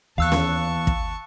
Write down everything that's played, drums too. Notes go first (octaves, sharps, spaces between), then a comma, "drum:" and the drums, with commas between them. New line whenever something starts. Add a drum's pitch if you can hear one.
D#2 E3 B3 F5 A5 C#6 E6 F#6
drum: snare
drum: kick